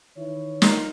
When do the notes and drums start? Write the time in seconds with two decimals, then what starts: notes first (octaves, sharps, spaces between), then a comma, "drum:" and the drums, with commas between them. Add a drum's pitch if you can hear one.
0.17 D#3 E3 E4 C#5
0.62 D#4 F4 A#4, drum: snare